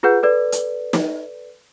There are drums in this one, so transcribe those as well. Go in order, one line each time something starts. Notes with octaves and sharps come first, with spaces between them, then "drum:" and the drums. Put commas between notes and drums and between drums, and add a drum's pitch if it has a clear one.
F4 G#4 B4 F#5 G6
A4 B4 D5
drum: hi-hat
drum: snare